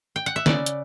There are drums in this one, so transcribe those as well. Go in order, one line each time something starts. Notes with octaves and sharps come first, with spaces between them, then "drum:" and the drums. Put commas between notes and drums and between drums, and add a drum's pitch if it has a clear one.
G5
F#5
E5
C#3 D5, drum: snare
drum: hi-hat